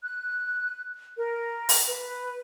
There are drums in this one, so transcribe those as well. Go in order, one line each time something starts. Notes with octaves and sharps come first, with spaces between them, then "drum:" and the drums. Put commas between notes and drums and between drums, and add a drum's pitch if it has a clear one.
F#6
A#4
drum: open hi-hat
B4